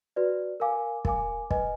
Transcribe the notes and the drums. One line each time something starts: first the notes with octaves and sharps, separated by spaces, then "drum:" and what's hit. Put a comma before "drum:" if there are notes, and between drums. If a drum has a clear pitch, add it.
F#4 B4 D5
A#4 F5 G#5 D6
A#4 F5 G#5 D6, drum: kick
B4 D#5 G#5, drum: kick